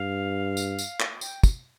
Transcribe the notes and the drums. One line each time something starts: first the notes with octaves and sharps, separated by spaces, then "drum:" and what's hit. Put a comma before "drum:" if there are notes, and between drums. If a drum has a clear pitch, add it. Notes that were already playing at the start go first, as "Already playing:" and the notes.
Already playing: G2 F5
drum: tambourine
drum: tambourine
drum: clap
G5, drum: tambourine
drum: kick, tambourine